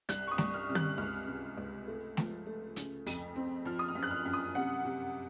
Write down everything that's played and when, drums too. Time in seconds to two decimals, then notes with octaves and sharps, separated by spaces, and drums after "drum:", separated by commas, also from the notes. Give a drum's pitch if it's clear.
0.09 C2 F#6, drum: hi-hat
0.27 C#6
0.31 D#6
0.38 C2, drum: snare A3
0.54 F6
0.69 C3
0.75 F#6, drum: tom
0.98 C#2 F6
1.28 C3
1.57 C#2
1.88 A3
2.17 F3, drum: snare A3
2.46 A3
2.76 C#3, drum: hi-hat
3.07 F2, drum: open hi-hat
3.36 C4
3.65 F3 F6
3.79 D#6
3.88 F6
3.95 F#2
4.03 F#6
4.11 F6
4.26 F#2
4.33 D#6
4.55 C3 F#5
4.85 C3